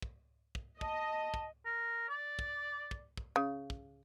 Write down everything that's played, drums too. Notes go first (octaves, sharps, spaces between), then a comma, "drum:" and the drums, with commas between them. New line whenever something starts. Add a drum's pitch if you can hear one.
drum: kick
drum: kick
D#5 A5, drum: kick
drum: kick
A#4
D5
drum: kick
drum: kick
drum: kick
C#3
drum: kick